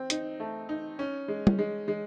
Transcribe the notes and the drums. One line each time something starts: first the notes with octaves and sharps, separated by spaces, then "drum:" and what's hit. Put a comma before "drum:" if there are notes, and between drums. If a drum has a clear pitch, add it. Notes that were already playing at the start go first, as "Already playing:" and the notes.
Already playing: C4
D#4, drum: hi-hat
A3
D#4
C#4
G#3
drum: tom
G#3
G#3